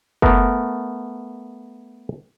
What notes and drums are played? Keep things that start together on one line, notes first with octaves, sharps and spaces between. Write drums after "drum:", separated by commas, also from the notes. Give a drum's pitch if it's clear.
A3 B3 A#4, drum: kick F#1